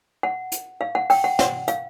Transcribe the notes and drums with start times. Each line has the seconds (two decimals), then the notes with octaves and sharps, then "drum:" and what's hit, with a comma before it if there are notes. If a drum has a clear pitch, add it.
0.23 F#5
0.52 drum: hi-hat
0.81 F5
0.95 F#5
1.10 G5, drum: open hi-hat
1.24 F#5
1.39 F#5, drum: snare
1.68 F5, drum: hi-hat